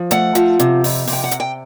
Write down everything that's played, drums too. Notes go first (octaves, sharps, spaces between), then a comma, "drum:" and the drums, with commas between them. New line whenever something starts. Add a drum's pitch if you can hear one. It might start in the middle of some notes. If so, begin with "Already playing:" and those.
Already playing: F3
A3 F#5, drum: hi-hat
F3, drum: hi-hat
C3, drum: hi-hat
F2, drum: open hi-hat
C3, drum: open hi-hat
G5
F#5
C3, drum: hi-hat
G5